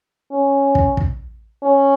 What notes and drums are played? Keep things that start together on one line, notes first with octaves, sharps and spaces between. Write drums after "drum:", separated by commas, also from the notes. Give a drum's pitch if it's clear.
C#4
drum: kick
drum: kick
C#4